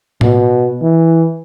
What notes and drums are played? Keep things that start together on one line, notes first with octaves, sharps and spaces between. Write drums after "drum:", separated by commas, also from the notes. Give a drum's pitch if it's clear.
B2, drum: tom A2
E3